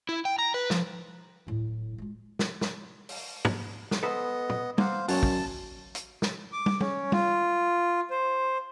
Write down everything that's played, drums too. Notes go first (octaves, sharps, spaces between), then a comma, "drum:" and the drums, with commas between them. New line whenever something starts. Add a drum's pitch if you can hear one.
E4
G5
A#5
B4
F3, drum: snare
D1 A2
G#3 F4
drum: snare
drum: snare
drum: open hi-hat
drum: tom
drum: snare
B3 A4 B4 C5 D#5
drum: tom
A#3 C5 F5 F#5, drum: tom
F#2 A#2 C#5 F#5 A5, drum: open hi-hat
drum: kick
drum: hi-hat
drum: snare
D6
drum: tom
C#4, drum: tom
F4, drum: tom
C5